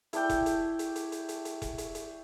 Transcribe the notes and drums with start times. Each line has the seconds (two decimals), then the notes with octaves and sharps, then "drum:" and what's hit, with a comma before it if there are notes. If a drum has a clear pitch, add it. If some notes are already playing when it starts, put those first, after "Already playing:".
0.13 E4 A4 D5 G5, drum: hi-hat
0.29 drum: kick E1, hi-hat
0.46 drum: hi-hat
0.79 drum: hi-hat
0.96 drum: hi-hat
1.12 drum: hi-hat
1.29 drum: hi-hat
1.45 drum: hi-hat
1.62 drum: kick E1, hi-hat
1.78 drum: hi-hat
1.95 drum: hi-hat